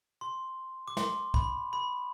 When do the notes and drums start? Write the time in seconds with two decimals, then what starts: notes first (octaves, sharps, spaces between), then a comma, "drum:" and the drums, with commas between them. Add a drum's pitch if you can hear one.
0.21 C6
0.88 D6
0.97 C6, drum: snare
1.34 B5, drum: kick B1
1.73 B5